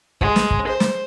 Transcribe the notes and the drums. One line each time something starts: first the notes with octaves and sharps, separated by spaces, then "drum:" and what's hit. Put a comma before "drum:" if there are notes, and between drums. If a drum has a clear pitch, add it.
G#3, drum: kick
drum: snare
drum: kick
C5
drum: snare